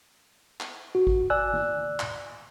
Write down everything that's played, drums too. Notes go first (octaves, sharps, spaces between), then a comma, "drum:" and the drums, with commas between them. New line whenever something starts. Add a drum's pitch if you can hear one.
drum: clap
F#4
drum: kick G#1
D5 G#5 E6 F#6
drum: tom D#3
drum: clap